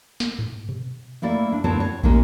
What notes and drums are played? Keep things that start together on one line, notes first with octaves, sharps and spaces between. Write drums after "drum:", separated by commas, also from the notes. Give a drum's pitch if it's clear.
drum: snare
drum: tom G2
drum: tom B2
A3 A#3 E4 D5
D4
D2 B3 C4 E4 C#5 A5
C#5
D#2 D#3 G#3 A#3 C#4 D#4, drum: kick